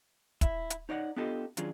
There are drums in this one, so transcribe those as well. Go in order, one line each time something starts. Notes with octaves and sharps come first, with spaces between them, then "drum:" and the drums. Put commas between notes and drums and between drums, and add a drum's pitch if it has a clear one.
E4 E5, drum: kick, hi-hat
drum: hi-hat
D#4 C#5 D5 F5 F#5
B3 D4 F4 G4 A4 D#5
D#3 F#3 C#4 D4 F4 G#4, drum: hi-hat